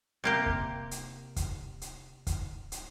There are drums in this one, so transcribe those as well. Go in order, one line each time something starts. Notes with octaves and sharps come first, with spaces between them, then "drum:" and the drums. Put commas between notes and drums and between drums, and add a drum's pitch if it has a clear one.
C3 A#3 G4
drum: kick
drum: hi-hat
drum: kick, hi-hat
drum: hi-hat
drum: kick, hi-hat
drum: hi-hat